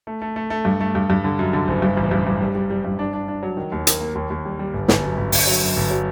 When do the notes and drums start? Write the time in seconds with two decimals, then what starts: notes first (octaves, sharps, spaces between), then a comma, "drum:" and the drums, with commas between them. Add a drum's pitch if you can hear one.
0.07 A3
0.22 A3
0.36 A3
0.50 A3
0.65 G2
0.80 A3
0.95 G2
1.10 G2
1.24 D3
1.39 F#2
1.53 D3
1.68 F#1
1.82 G2
1.97 A1
2.11 G2
2.27 G2
2.41 G3
2.55 G3
2.70 G3
2.85 G2
2.99 D4
3.13 D4
3.28 D4
3.43 F#3
3.57 D#3
3.72 D#2
3.87 A#3, drum: hi-hat
4.01 A#3
4.15 D#2
4.30 D#2
4.45 G3
4.59 G3
4.74 G1
4.88 G1, drum: snare
5.03 F#2
5.17 G1
5.32 G1, drum: open hi-hat
5.47 F#3
5.62 F#2
5.77 G1
5.90 F#3